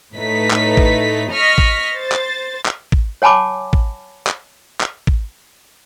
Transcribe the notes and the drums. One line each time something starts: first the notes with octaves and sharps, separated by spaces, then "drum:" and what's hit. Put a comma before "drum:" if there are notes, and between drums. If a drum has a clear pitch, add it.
A2 A3 D#4 B4 B6
drum: clap
drum: kick
D#5 C#6 F6 A#6 B6
drum: kick
C5 A6
drum: clap
drum: clap
drum: kick
C#5 F#5 G#5 A5 B5 D6
drum: kick
drum: clap
drum: clap
drum: kick